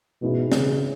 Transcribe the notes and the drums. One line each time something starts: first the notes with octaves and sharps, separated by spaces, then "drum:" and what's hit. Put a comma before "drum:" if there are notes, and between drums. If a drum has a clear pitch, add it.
G#2 B2 E3 C#4 E4 G#4
C#3, drum: snare